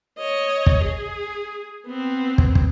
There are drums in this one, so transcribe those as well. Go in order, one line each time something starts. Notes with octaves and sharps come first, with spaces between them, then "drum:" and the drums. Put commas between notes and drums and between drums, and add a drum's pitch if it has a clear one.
C#5 D#5
drum: kick
G#4
B3 C4
drum: kick
drum: kick